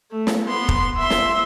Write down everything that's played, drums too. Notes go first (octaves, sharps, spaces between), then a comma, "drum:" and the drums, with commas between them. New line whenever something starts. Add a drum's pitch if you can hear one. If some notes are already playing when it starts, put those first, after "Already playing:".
A3
drum: snare
B3 C6
drum: kick F1
E5 C6
drum: snare